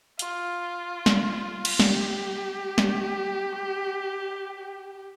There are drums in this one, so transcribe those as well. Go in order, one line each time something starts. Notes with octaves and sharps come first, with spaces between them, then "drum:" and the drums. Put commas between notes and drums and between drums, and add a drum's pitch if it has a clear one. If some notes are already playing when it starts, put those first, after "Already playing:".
F4, drum: hi-hat
drum: snare
drum: cymbal
G4, drum: snare
drum: snare